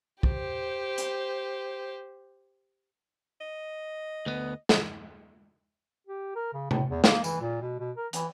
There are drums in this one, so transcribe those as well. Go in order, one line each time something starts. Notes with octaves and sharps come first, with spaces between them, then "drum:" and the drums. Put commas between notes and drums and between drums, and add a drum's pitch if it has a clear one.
G4 C5, drum: kick
drum: hi-hat
D#5
D2 B3
drum: snare
G4
A#4
C#3
A2, drum: tom C3
E2
A#3, drum: snare
E3, drum: tambourine
A#2
B2
B2
A#4
E3, drum: hi-hat